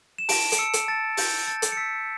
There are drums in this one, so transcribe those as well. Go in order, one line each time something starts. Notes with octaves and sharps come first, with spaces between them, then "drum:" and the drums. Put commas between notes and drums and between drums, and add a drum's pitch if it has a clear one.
E7
A5 D7, drum: open hi-hat
D7, drum: hi-hat
E6 C#7
drum: hi-hat
A5 A6
A5 G6, drum: open hi-hat
A5 A6
drum: hi-hat
C#7
E6 B6